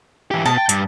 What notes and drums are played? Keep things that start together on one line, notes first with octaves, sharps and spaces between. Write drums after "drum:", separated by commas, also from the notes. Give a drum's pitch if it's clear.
E3 G4
B2 A5
G5
G2, drum: hi-hat